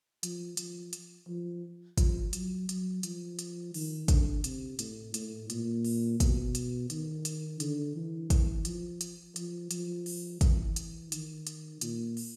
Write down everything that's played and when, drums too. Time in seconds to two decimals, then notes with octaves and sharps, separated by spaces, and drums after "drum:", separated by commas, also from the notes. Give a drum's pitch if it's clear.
0.23 F3, drum: hi-hat
0.57 F3, drum: hi-hat
0.93 drum: hi-hat
1.28 F3
1.98 F3, drum: kick, hi-hat
2.33 F#3, drum: hi-hat
2.69 F#3, drum: hi-hat
3.03 F3, drum: hi-hat
3.39 drum: hi-hat
3.74 D#3, drum: open hi-hat
4.08 D3, drum: kick, hi-hat
4.44 C3, drum: hi-hat
4.79 A2, drum: hi-hat
5.14 A2, drum: hi-hat
5.50 A#2, drum: hi-hat
5.85 drum: open hi-hat
6.20 B2, drum: kick, hi-hat
6.55 drum: hi-hat
6.90 D#3, drum: hi-hat
7.25 drum: hi-hat
7.60 D3, drum: hi-hat
7.96 E3
8.30 E3, drum: kick, hi-hat
8.65 F3, drum: hi-hat
9.01 drum: hi-hat
9.36 F3, drum: hi-hat
9.71 F3, drum: hi-hat
10.06 drum: open hi-hat
10.41 E3, drum: kick, hi-hat
10.76 drum: hi-hat
11.12 D#3, drum: hi-hat
11.47 drum: hi-hat
11.81 A#2, drum: hi-hat
12.17 drum: open hi-hat